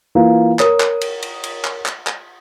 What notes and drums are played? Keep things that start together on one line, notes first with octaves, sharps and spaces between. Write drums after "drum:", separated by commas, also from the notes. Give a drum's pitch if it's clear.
E3 A#3 F4
A#4 C#5 D#6, drum: clap
drum: clap
drum: cymbal
drum: cymbal
drum: cymbal
drum: clap
drum: clap
drum: clap